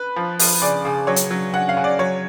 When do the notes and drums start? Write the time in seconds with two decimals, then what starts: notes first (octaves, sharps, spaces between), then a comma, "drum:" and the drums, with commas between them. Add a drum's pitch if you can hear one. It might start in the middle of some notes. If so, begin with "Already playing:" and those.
Already playing: B4
0.16 F3
0.39 F3, drum: open hi-hat
0.62 C#3 D5
0.85 C#3
1.07 F#3 C#5
1.16 drum: hi-hat
1.31 F#3
1.53 C#3 F#5
1.69 F5
1.77 C#3
1.84 D5
1.99 F#3 C#5